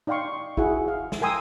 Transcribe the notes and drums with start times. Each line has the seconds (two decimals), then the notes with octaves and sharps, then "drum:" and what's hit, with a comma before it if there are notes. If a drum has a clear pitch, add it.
0.07 D#4 D5 F5 G5 C6 C#6
0.57 E4 F#4 G#4 F#5, drum: kick
0.88 F5
1.12 drum: snare
1.21 A#4 G5 G#5 C6 D#6 E6